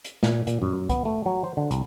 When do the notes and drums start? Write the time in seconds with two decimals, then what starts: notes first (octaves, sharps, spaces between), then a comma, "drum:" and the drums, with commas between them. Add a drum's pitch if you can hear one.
0.05 drum: hi-hat
0.23 A#2, drum: snare
0.47 A#2, drum: hi-hat
0.62 F#2
0.73 F#2
0.89 B3, drum: kick, hi-hat
1.05 A3
1.26 F#3
1.44 C5
1.57 D3
1.71 C2, drum: hi-hat